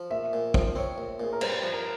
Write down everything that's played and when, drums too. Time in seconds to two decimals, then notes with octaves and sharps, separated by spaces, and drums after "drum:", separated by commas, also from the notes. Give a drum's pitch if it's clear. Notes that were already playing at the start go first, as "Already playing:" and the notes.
Already playing: F3
0.10 A#1 E5
0.33 A#2
0.54 F3, drum: kick
0.75 C4 C#5
0.98 A#1
1.20 A#2 G#4
1.33 A#4
1.41 G2 C5, drum: cymbal
1.63 F3
1.74 A#4